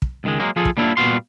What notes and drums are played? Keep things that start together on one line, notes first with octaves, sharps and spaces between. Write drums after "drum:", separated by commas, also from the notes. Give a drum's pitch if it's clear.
drum: kick
C#2 D#3 G#3
F#3 G#3 A#3
F3 F4 G#4 A4
drum: kick
G3 A#3 D4 E4 F4
A#2 G3 B3 F#4 F5 C6